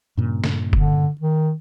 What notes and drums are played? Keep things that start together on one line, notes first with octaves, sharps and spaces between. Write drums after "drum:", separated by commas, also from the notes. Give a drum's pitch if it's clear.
G2 A#2 C#3
drum: snare
D3, drum: kick F#1
D#3